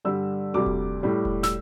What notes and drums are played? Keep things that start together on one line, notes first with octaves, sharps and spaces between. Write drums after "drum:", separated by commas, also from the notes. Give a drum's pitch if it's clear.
G2 D3 G3 E6
D2 C3 G3 D6
drum: kick E1
A2 G3
drum: kick E1
E6, drum: snare